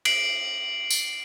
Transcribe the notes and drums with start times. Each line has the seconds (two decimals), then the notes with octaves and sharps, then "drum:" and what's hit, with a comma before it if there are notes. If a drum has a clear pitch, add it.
0.05 C7 D7 F#7, drum: cymbal
0.90 drum: tambourine